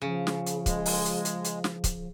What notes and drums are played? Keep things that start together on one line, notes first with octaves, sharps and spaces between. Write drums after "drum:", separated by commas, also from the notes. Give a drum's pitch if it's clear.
C#3 F3
drum: snare
drum: hi-hat
G#3, drum: kick, hi-hat
drum: open hi-hat
drum: hi-hat
drum: hi-hat
drum: hi-hat
drum: snare
drum: kick, hi-hat